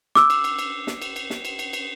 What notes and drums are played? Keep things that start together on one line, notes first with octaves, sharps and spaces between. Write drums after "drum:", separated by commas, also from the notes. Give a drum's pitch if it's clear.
D6 E6, drum: snare
drum: cymbal
drum: cymbal
drum: cymbal
drum: snare
drum: cymbal
drum: cymbal
drum: snare
drum: cymbal
drum: cymbal
drum: cymbal